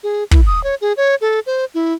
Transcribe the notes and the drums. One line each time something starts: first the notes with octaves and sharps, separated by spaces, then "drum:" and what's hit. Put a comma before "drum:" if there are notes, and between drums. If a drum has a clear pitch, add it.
G#4
E4, drum: kick
D#6
C#5
G#4
C#5
A4
C5
E4